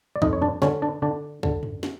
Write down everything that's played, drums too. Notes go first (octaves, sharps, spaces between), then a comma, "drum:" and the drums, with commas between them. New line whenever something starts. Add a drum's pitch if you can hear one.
D5
F2 D#4 D#5, drum: kick
C#5
D4 D5, drum: tom
D3 C#4 C#5, drum: snare
D4 D5
D3 D4 D5
D3, drum: kick
drum: tom
drum: snare